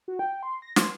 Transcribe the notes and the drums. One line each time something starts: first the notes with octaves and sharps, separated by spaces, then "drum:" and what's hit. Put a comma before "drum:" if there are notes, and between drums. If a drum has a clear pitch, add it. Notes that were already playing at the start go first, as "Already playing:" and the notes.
F#4
G5
C6
A#6
C6, drum: snare